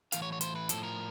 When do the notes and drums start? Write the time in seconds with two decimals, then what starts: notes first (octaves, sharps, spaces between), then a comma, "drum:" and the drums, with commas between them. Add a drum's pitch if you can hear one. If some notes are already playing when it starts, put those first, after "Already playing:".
0.12 A2 E3 F5, drum: hi-hat
0.22 C#5
0.32 C#5
0.41 C5, drum: hi-hat
0.55 B4
0.69 A2 F3 A4, drum: hi-hat
0.83 A#4